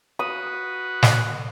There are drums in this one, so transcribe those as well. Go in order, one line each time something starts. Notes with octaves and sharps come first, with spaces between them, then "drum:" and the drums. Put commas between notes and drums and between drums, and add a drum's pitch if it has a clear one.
F#4 B4 D#6
drum: snare